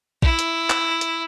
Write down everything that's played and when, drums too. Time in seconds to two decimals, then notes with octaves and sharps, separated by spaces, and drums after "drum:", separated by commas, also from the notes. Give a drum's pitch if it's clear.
0.22 E4, drum: kick A#1
0.39 drum: hi-hat
0.70 drum: clap
1.01 drum: hi-hat